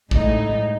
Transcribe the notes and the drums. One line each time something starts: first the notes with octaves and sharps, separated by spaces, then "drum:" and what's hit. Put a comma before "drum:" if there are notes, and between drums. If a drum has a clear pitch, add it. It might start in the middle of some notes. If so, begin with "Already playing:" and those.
A2 G#3 D#4, drum: kick